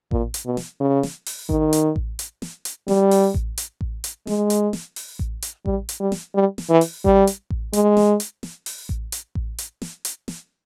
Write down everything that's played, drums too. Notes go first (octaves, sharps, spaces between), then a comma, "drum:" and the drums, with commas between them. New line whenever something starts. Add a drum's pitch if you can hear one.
A#2, drum: kick A1
drum: hi-hat
B2
drum: snare
C#3
drum: snare
drum: open hi-hat
D#3, drum: kick A1
drum: hi-hat
drum: kick A1
drum: hi-hat
drum: snare
drum: hi-hat
G3, drum: snare
drum: open hi-hat
drum: kick A1
drum: hi-hat
drum: kick A1
drum: hi-hat
G#3, drum: snare
drum: hi-hat
drum: snare
drum: open hi-hat
drum: kick A1
drum: hi-hat
G3, drum: kick A1
drum: hi-hat
G3
drum: snare
G3
drum: snare
E3
drum: open hi-hat
G3, drum: kick A1
drum: hi-hat
drum: kick A1
G#3, drum: hi-hat
drum: snare
drum: hi-hat
drum: snare
drum: open hi-hat
drum: kick A1
drum: hi-hat
drum: kick A1
drum: hi-hat
drum: snare
drum: hi-hat
drum: snare